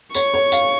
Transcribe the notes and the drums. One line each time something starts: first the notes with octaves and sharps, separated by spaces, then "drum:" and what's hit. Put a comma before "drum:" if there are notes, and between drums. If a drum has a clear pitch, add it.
C#5 C#6, drum: tambourine
C#5
F5, drum: tambourine